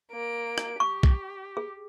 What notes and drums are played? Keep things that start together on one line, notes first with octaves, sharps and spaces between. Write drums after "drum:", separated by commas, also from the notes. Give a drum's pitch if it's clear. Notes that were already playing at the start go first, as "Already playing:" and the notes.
A#3 D7
drum: rim click
G4 C#6
drum: kick B1
G#4